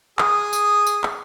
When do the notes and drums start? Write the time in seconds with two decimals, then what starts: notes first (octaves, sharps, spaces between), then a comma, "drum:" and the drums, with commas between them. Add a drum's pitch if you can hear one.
0.19 G#4 D#6, drum: clap
0.53 drum: tambourine
0.87 drum: tambourine
1.04 drum: clap